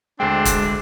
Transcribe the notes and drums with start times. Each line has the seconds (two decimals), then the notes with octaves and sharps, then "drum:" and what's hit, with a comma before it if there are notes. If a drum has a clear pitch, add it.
0.20 D2 G#3 C4 D4 G5
0.45 drum: kick, hi-hat